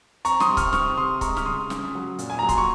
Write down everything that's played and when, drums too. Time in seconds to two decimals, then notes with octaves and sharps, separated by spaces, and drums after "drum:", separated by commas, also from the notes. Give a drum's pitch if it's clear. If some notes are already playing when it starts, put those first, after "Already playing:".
0.25 C4 A#5 C#6, drum: hi-hat
0.40 C6 D#6, drum: snare
0.49 C3
0.57 C#6 F6, drum: kick C#1, hi-hat
0.73 C4 C#6 F6, drum: snare
0.97 C3 C6 D#6
1.21 G#3 A#5 C#6, drum: kick C#1, hi-hat
1.37 F6, drum: snare
1.46 C#3 C6 D#6
1.70 C#4, drum: snare
1.95 F#3
2.19 A#2, drum: hi-hat
2.30 G#5
2.39 F#3 A#5
2.49 C6, drum: kick C#1, hi-hat
2.58 C#6